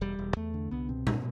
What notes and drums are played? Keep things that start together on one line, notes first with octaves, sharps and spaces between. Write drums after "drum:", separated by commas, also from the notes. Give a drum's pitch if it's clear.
E1 G3
E1
E2 A3
D3
C2 B3
B2 C4
B2, drum: tom A#2